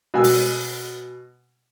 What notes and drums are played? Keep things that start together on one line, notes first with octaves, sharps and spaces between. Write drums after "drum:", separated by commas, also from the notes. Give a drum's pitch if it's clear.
B2 G#5 E6
drum: open hi-hat